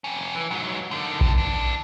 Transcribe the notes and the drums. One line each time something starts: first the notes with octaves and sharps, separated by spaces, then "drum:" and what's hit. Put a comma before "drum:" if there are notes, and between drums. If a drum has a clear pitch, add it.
F2 C#4
E3
G#2 F#3
D3 D#3
G2, drum: kick A#1
E3 D4